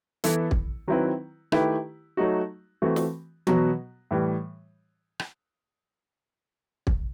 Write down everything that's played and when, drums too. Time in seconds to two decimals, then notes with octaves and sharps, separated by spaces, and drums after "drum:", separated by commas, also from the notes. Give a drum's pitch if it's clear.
0.24 E3 B3 E4 A4, drum: hi-hat
0.51 drum: kick
0.88 D#3 F#3 C4 E4 B4
1.52 D#3 A3 E4 G4 B4, drum: rim click
2.17 F#3 A3 D#4 F#4
2.82 E3 A3 C4 F#4
2.96 drum: snare
3.47 B2 F#3 B3 F#4, drum: tom E3
4.11 A2 E3 G3
5.19 drum: rim click
6.87 drum: kick